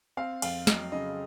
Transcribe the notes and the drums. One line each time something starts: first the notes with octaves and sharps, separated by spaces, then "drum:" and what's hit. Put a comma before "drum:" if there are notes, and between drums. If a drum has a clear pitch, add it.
C4 F5
F2 F5, drum: cymbal
F#3 D#5, drum: snare
C#3 D#5